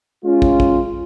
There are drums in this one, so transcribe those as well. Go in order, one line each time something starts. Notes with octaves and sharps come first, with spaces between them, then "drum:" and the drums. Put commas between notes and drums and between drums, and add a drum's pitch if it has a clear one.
G#3 C#4 F4
drum: kick
drum: kick